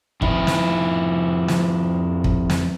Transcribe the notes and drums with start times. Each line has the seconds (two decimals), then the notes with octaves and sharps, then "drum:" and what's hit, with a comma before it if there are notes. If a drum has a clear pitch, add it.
0.22 F2 E4, drum: kick
0.47 drum: snare
1.48 drum: snare
2.24 drum: kick
2.50 drum: snare